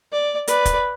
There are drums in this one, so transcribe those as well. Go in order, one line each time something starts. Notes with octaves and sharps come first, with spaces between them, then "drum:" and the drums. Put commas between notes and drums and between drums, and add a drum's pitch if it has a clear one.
D5
B4 D5, drum: hi-hat
drum: kick, hi-hat